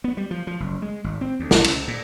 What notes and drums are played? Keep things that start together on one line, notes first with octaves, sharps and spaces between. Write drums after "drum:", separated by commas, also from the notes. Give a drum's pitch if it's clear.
B3
G3
F3
F3
F#1
G#3
G#1
C4
D2
A#1, drum: snare
C#2, drum: cymbal
A#2